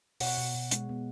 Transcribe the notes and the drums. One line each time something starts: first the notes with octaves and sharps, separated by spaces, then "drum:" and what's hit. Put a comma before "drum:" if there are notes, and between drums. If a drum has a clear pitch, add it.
B2 C#5 F#5, drum: open hi-hat
B2
B2
G#3, drum: hi-hat
B3